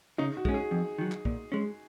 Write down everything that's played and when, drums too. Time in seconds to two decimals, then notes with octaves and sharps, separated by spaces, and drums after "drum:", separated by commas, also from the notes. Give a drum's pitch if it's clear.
0.18 C#3 D#4
0.37 F#4
0.45 G#3 C#4, drum: kick
0.54 G#4
0.71 F2
0.98 D#3 F#3
1.12 drum: clap
1.25 A#2, drum: kick
1.52 G#3 C#4